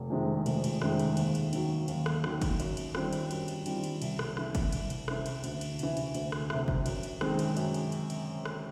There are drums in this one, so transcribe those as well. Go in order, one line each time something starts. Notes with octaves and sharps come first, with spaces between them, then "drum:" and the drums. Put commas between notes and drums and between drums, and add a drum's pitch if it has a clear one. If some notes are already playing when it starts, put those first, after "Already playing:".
Already playing: F1
F2 C3 D#3 G#3
F1, drum: cymbal
drum: cymbal
F2 C3 D#3 G#3, drum: rim click
drum: cymbal
D#2, drum: cymbal
drum: cymbal
D#3 F#3, drum: cymbal
D#2, drum: cymbal
drum: rim click
D#3 F#3, drum: rim click
drum: kick, cymbal
F#2, drum: cymbal
drum: cymbal
D#3 G3 C4 F4, drum: rim click
drum: cymbal
F#2, drum: cymbal
drum: cymbal
D#3 G3 C4 F4, drum: cymbal
drum: cymbal
C2, drum: cymbal
drum: rim click
C3 E3, drum: rim click
drum: kick, cymbal
C2, drum: cymbal
drum: cymbal
C3 E3, drum: rim click
drum: cymbal
D2, drum: cymbal
drum: cymbal
C3 E3, drum: cymbal
drum: cymbal
D2, drum: cymbal
drum: rim click
C3 E3, drum: rim click
drum: kick
F#2, drum: cymbal
drum: cymbal
D#3 G#3 C4, drum: rim click
drum: cymbal
F#2, drum: cymbal
drum: cymbal
drum: cymbal
drum: cymbal
drum: rim click